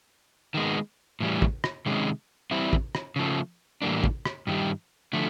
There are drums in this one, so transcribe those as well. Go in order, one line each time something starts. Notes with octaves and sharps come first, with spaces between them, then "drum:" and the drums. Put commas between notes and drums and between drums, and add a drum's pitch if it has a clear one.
D#3 G#3 B3
A2 E3 G3
drum: kick
drum: rim click
C3 D#3 G#3 C#4
E3 G3 C4 E4
drum: kick
drum: rim click
C#3 F3 A3
A2 E3 G3 A#3 D4
drum: kick
drum: rim click
G2 D#3 G3
D3 F3 A3